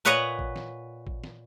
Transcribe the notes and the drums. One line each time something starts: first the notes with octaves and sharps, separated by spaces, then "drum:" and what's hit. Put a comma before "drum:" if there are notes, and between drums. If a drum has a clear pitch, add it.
A#2 B4 C#5 D#5 F#5 A#5
drum: kick A1
drum: snare
drum: kick A1
drum: snare